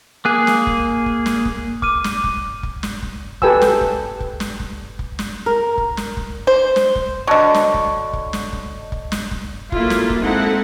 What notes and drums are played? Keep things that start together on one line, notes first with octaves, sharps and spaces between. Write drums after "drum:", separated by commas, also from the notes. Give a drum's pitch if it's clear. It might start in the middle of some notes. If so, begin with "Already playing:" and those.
A#3 G#4 F#6
drum: snare
drum: kick
drum: kick
drum: snare
drum: kick
D6 F6 D#7, drum: kick
drum: snare
drum: kick
drum: kick
drum: snare
drum: kick
G4 A4 B4 G5 G#5 E6, drum: kick
drum: snare
drum: kick
drum: kick
drum: snare
drum: kick
drum: kick
drum: snare
A#4
drum: kick
drum: snare
drum: kick
C5
drum: snare
drum: kick
D3 F#3 D#5 A5 C#6
drum: snare
drum: kick
drum: kick
drum: snare
drum: kick
drum: kick
drum: snare
drum: kick
F#3 A3 A#3 E4 F4, drum: kick
drum: snare
drum: kick
G#3 C4 D#4 E4 A4 F#5